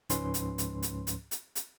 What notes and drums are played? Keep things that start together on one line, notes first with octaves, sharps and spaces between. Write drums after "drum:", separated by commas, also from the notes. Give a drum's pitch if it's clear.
C#2 G#2 F3 C#4 B4 C6, drum: hi-hat
drum: hi-hat
drum: hi-hat
drum: hi-hat
drum: hi-hat
drum: hi-hat
drum: hi-hat